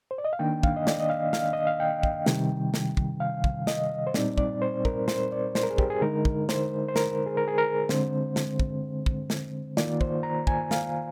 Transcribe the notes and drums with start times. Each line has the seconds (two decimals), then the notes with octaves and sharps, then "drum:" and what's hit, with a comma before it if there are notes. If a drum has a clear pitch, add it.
0.11 C5
0.18 D5
0.25 D#5
0.33 F5
0.39 D#3 A#3 D4 G5
0.63 F5, drum: kick
0.76 D#5
0.87 D5, drum: snare
1.00 D#5
1.10 F5
1.33 F5, drum: snare
1.53 D#5
1.67 F5
1.80 G5
2.03 drum: kick
2.26 C3 D#3 G3, drum: snare
2.74 drum: snare
2.97 drum: kick
3.20 F5
3.44 drum: kick
3.67 D#5, drum: snare
4.07 C5
4.14 A#2 G3 C4 D#4 D5, drum: snare
4.38 D5, drum: kick
4.62 C5
4.85 A#4, drum: kick
5.08 C5, drum: snare
5.32 D5
5.55 C5, drum: snare
5.63 A#4
5.70 G#4
5.78 G4, drum: kick
5.90 G#4
6.01 D3 G#3 D#4 A#4
6.25 drum: kick
6.49 C5, drum: snare
6.88 C5
6.96 A#4, drum: snare
7.26 G#4
7.37 A#4
7.48 G#4
7.58 A#4
7.89 D3 G#3 C4 C5, drum: snare
8.36 drum: snare
8.60 drum: kick
9.06 drum: kick
9.30 drum: snare
9.77 D#3 A#3 F4 D5, drum: snare
10.01 C5, drum: kick
10.23 A#5
10.47 G#5, drum: kick
10.71 F5, drum: snare